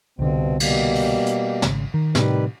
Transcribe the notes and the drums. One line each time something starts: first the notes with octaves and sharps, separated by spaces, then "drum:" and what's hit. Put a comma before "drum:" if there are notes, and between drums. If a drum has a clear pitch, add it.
C2 G2 B2 D3 C4
B2 G3 A#3, drum: cymbal
drum: open hi-hat
drum: hi-hat
G#1 C#3, drum: snare
D#3
A2 C3 D#3 G3 B4, drum: snare